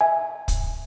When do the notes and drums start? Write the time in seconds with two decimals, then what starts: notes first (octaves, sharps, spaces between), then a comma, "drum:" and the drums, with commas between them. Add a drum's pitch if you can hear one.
0.01 E5 G#5
0.48 drum: kick, hi-hat